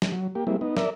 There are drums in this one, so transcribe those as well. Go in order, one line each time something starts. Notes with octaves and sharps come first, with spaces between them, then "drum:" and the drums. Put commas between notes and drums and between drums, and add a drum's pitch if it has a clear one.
drum: snare
F#3
A#3 G4
G3 G#3 A#3 C4 E4
B3 D#4
A#4 D5 E5, drum: snare